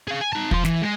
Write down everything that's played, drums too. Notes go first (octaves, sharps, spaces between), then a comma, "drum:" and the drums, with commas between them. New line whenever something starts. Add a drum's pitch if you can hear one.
G#4 F5
G#5
D#4 A5
F3 C6, drum: kick
E3, drum: snare
G#3 G#4